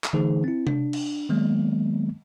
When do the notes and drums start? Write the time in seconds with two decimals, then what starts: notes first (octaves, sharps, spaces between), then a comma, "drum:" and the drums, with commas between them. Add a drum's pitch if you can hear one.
0.04 drum: clap
0.13 D3 E3 A3 D#4 G#4 C5
0.44 C4 E4
0.67 D4, drum: tom C3
0.93 drum: cymbal
1.29 D#3 F#3 G#3 A#3 B3